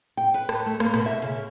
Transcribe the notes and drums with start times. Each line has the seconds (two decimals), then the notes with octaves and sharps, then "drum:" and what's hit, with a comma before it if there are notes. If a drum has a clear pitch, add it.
0.17 G5
0.34 B4, drum: hi-hat
0.49 A5, drum: rim click
0.66 A3
0.80 A#3, drum: rim click
0.94 B2, drum: rim click
1.06 E5, drum: hi-hat
1.22 C#3, drum: hi-hat
1.35 A#4